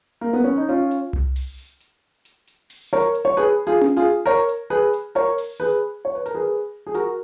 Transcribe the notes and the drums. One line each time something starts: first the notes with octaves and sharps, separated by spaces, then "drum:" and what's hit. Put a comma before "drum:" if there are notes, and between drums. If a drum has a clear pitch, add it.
A#3
B3
C#4
D#4
C#4 F4
drum: hi-hat
drum: tom C2
drum: open hi-hat
drum: hi-hat
drum: hi-hat
drum: hi-hat
drum: hi-hat
drum: open hi-hat
A#4 C#5
drum: hi-hat
C#5
G#4 B4
F4 G#4
drum: tom C#4
F4 G#4
A#4 C#5, drum: hi-hat
drum: hi-hat
G#4 B4
drum: hi-hat
A#4 C#5, drum: hi-hat
drum: open hi-hat
G#4 B4
C#5
B4
A#4, drum: hi-hat
G#4 B4
G#4
F#4 A#4, drum: hi-hat